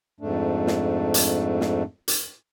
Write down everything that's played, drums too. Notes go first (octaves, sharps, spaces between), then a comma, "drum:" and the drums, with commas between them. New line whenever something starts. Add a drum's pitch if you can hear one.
F2 G#2 A3 D4
drum: snare
drum: hi-hat
drum: snare
drum: hi-hat